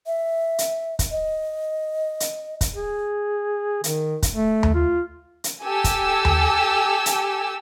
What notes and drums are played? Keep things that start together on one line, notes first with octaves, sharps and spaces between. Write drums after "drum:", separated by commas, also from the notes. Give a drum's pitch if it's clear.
E5
drum: hi-hat
drum: kick, hi-hat
D#5
drum: hi-hat
drum: kick, hi-hat
G#4
D#3, drum: hi-hat
drum: kick, hi-hat
A3
drum: tom D#2
F4
drum: hi-hat
G4 A4 G#5 E6
drum: kick, hi-hat
drum: tom D#2
drum: hi-hat